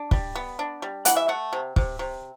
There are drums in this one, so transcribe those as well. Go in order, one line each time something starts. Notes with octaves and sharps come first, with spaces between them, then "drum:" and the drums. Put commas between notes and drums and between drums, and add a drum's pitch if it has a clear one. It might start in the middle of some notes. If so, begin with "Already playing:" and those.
Already playing: D4
G3, drum: kick
B3
D4
G3
E3 F#5, drum: hi-hat
E5
A3 F#5
C3
C3, drum: kick
C3